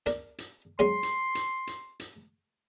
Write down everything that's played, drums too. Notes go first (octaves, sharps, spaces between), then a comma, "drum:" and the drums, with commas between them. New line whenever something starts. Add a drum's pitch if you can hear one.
D4 A#4, drum: hi-hat
drum: hi-hat
F#3 G#3 C#4 C6
drum: hi-hat
drum: hi-hat
drum: hi-hat
drum: hi-hat